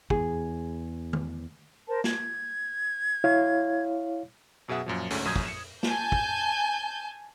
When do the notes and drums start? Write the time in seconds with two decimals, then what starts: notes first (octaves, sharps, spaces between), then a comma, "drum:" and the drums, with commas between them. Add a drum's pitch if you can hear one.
0.10 E2 G#4, drum: kick
1.13 drum: tom
1.88 A#4 C5 A5
2.04 G#6, drum: snare A#3
3.24 E4 C#5 F5
4.68 F#2 B2 G#4 E5 F#5
4.86 F#2 A#2 F3
5.10 D2 G#2 A3 C#4, drum: open hi-hat
5.25 A#1 F#2 D#6 G6 G#6
5.36 drum: kick
5.46 C#7 E7
5.83 G#5 A5 G6, drum: snare A#3
6.12 drum: kick